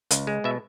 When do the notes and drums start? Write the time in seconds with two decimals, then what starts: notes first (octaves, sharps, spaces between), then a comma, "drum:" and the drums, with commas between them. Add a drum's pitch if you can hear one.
0.11 C#2, drum: hi-hat
0.27 G#3
0.44 B2 E5